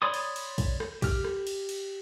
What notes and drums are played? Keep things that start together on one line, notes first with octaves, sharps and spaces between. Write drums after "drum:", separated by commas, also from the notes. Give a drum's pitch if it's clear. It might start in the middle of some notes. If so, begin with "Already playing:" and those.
C#5 D5 B5 C6 D#6
drum: cymbal
drum: cymbal
drum: kick, cymbal
drum: rim click
G4 F6, drum: kick, cymbal
drum: rim click
drum: cymbal
drum: cymbal